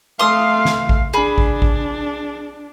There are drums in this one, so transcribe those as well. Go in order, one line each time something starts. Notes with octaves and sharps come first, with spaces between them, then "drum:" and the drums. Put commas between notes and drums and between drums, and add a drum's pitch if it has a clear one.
A3 F5 C6 D#6
drum: snare
drum: kick A1
D4 G#4 B5
drum: kick A1
drum: kick A1